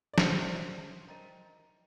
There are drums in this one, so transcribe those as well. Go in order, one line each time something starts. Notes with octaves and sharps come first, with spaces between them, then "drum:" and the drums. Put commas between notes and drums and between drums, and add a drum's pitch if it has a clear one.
D5
D#4 F#4 A#4 C5 F#5, drum: snare
A#4 D#5 G5 A#5